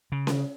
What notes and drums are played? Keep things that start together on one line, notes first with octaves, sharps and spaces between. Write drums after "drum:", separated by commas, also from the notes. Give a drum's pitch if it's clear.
C#3
drum: snare C#4